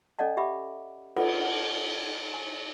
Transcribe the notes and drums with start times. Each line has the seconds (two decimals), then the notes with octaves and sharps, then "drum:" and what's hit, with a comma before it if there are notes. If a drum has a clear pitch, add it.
0.19 C#4 A4 D5 D#5 F#5 A5
0.37 G4 E5 F#5 B5 D6
1.16 F4 A4 B4 F#5, drum: cymbal
1.41 F#5
2.34 G#5